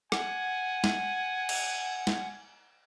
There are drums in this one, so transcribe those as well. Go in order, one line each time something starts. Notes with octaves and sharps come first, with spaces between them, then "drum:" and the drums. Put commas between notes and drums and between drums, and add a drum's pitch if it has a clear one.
F#5 G#5, drum: rim click
drum: snare
drum: cymbal
drum: snare